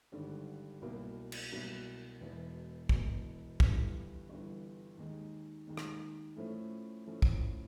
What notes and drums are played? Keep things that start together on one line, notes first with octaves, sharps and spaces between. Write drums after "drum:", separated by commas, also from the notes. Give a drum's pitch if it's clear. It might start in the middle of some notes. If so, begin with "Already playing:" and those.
G#1 G2 D3 G3
C2 B2 F#3 A#3
drum: cymbal
C2 B2 F#3 A#3
E1 E2 B2
E1 E2 B2, drum: kick
G1 G2 E3, drum: kick
G1 G2 E3
D#2 D#3 G#3
D#2 D#3 G#3
drum: rim click
A2 F3 A3 C#4
A2 F3 A3 C#4
drum: kick